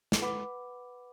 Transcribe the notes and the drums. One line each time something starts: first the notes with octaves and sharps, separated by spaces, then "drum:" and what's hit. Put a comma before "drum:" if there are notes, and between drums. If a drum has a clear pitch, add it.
drum: snare
B4 F#5 B5 D6